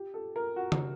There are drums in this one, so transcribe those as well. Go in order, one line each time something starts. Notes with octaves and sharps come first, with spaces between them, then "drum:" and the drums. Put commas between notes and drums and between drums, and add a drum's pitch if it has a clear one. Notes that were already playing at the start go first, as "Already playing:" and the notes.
Already playing: G4
A4
A#4
F#4
drum: tom C#3